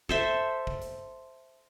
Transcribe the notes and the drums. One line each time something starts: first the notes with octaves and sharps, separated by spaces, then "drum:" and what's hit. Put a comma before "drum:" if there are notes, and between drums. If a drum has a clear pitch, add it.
A4 C5 E5, drum: kick
drum: kick
drum: hi-hat